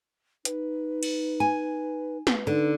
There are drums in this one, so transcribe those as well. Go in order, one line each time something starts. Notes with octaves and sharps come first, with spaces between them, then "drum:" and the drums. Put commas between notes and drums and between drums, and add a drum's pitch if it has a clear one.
D#4 B4, drum: hi-hat
drum: cymbal
G#5
B4, drum: snare
D3 D#4